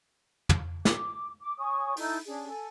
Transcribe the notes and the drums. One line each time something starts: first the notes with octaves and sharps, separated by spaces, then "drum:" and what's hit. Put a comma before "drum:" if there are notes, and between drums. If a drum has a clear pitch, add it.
drum: tom
D6, drum: snare
D6
C#5 G#5 C#6 D#6
D#4 E4 A4 G6, drum: open hi-hat
C#4 D4 G#4
A4 G#5